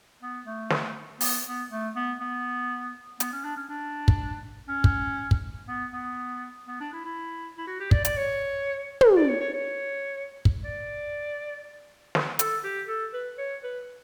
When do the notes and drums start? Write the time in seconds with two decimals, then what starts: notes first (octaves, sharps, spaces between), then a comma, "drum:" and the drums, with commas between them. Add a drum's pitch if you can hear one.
0.22 B3
0.46 A3
0.70 drum: snare
1.21 B3, drum: open hi-hat
1.47 B3
1.71 A3
1.96 B3
2.21 B3
3.20 B3, drum: hi-hat
3.33 C#4
3.45 D4
3.57 C#4
3.69 D4
4.08 drum: kick
4.68 C#4
4.84 drum: kick
5.31 drum: kick
5.68 B3
5.94 B3
6.68 B3
6.80 D4
6.93 E4
7.05 E4
7.58 E4
7.67 F#4
7.80 G4
7.91 D5, drum: kick
8.05 D5, drum: hi-hat
8.17 C#5
9.01 drum: tom
9.16 D5
9.28 C#5
9.40 C#5
9.53 C#5
10.45 drum: kick
10.65 D5
12.15 drum: snare
12.39 A4, drum: hi-hat
12.64 G4
12.88 A4
13.14 B4
13.38 C#5
13.64 B4